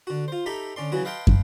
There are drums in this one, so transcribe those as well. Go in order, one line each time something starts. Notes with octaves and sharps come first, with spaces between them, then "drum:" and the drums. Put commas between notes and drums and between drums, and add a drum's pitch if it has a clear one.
D3 F#4
F4 C5
D#4 G4 A4 E5 A#5 B5
D3 C#4 D5 C6
C#3 E3 F#3 F#4 G#4
B4 D#5 F5 G5 A5 C6
drum: kick